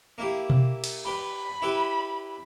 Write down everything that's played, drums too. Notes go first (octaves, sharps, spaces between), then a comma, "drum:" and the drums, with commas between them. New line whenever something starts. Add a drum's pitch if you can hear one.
A#3 E4 G4
drum: tom B2
drum: cymbal
G4 B4 B5
E4 G4 B4